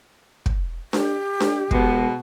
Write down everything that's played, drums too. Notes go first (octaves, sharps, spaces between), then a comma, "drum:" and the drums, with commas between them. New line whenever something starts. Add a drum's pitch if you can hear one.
drum: kick
G4, drum: snare D4
drum: snare D4
B2 G#3 B3, drum: kick